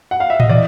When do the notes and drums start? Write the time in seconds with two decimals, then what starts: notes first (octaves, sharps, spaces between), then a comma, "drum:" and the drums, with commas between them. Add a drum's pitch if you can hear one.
0.11 F#5
0.20 F5
0.30 E5
0.40 D#5, drum: tom A2
0.49 E3 D5